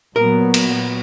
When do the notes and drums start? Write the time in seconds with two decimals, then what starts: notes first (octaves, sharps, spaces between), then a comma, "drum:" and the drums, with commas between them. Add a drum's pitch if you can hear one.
0.16 A#2 F#3 B3 A#4
0.54 drum: cymbal